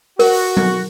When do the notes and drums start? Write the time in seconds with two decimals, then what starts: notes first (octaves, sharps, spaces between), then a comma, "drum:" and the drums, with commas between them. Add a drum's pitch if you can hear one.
0.19 F#4 A#4, drum: open hi-hat
0.57 drum: tom F#3